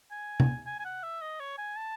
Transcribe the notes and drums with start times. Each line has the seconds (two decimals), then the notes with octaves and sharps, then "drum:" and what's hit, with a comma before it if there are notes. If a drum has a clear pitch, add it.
0.11 G#5
0.40 drum: tom C3
0.66 G#5
0.80 G#5
0.85 F#5
1.03 E5
1.22 D#5
1.40 C#5
1.58 G#5
1.77 A5